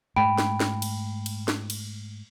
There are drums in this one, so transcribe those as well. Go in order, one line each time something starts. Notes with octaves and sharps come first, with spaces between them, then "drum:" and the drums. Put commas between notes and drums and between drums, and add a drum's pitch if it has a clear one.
G#2 G#3 A3 G5 B5 D7, drum: tom G#3
drum: snare
drum: snare
drum: cymbal
drum: cymbal
drum: snare
drum: cymbal